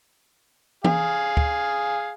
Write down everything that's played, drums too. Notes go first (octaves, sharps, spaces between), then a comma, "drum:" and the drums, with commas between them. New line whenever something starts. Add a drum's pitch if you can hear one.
G#4 F5, drum: tom
drum: kick